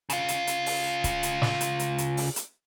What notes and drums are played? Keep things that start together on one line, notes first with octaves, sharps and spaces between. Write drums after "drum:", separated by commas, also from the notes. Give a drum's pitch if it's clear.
C#3 F4, drum: hi-hat
drum: hi-hat
drum: hi-hat
drum: open hi-hat
drum: kick C#1, hi-hat
drum: hi-hat
drum: snare
drum: hi-hat
drum: hi-hat
drum: hi-hat
drum: open hi-hat
drum: hi-hat